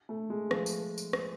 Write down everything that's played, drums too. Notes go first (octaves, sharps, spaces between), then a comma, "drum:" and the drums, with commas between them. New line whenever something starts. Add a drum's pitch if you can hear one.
A3
G#3
F3, drum: rim click
drum: tambourine
drum: tambourine
drum: rim click